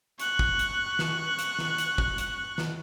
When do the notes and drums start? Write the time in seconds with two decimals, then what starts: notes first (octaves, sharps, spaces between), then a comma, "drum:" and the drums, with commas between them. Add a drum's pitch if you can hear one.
0.19 C#6 F#6, drum: hi-hat
0.39 drum: kick
0.59 drum: hi-hat
0.99 drum: snare
1.39 drum: hi-hat
1.59 drum: snare
1.78 drum: hi-hat
1.98 drum: kick
2.18 drum: hi-hat
2.58 drum: snare